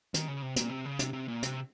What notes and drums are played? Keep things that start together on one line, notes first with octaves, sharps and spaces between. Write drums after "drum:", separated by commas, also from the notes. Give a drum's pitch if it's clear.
D#3, drum: hi-hat
C#3
C3
A#2, drum: hi-hat
C3
C#3
C3, drum: hi-hat
C3
A#2
C3, drum: hi-hat